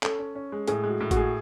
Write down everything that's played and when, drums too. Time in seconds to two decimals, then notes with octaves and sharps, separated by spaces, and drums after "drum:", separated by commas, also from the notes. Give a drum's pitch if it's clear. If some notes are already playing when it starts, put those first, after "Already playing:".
0.03 C#4 A4, drum: clap
0.19 C#4
0.35 C#4
0.52 G#3
0.67 A2 G#4, drum: hi-hat
0.84 G#3
0.89 F#4
1.00 A2
1.11 F#4, drum: kick G#1, hi-hat
1.16 G#4